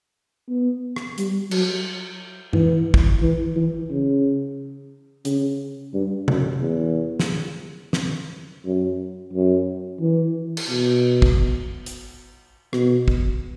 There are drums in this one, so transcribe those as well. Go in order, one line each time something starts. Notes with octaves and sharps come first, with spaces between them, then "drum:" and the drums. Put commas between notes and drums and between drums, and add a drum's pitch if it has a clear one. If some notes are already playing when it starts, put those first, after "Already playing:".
B3
drum: rim click
G3, drum: hi-hat
F#3, drum: cymbal
E3, drum: tom G2
drum: kick
E3
E3
C#3
C#3, drum: hi-hat
G2
F#2, drum: tom
E2
drum: snare
drum: snare
F#2
F#2
E3
drum: cymbal
B2
drum: kick
drum: hi-hat
B2, drum: rim click
drum: kick